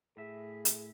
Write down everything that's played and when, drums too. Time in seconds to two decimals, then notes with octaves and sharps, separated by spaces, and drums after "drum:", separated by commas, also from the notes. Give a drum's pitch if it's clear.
0.17 A2 G#4 E5
0.65 drum: hi-hat